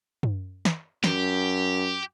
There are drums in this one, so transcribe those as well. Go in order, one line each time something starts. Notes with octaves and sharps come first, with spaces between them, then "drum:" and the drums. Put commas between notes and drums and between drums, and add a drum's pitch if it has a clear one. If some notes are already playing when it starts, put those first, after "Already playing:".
drum: tom
drum: snare
F#2 G4, drum: snare